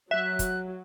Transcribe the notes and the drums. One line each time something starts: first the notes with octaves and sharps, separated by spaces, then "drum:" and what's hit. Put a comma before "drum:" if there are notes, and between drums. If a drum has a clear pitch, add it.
F#3 E5 F#6
drum: kick, hi-hat